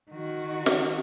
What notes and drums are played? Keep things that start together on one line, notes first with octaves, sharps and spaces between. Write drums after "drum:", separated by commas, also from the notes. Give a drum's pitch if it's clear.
D#3 F#4
drum: snare